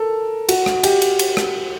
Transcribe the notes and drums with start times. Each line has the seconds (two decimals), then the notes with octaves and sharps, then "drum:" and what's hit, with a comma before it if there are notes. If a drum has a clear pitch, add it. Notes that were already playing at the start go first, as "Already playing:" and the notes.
Already playing: A4 A#4
0.49 F#4, drum: cymbal
0.66 drum: rim click
0.84 G4, drum: cymbal
1.02 drum: cymbal
1.19 drum: cymbal
1.37 drum: rim click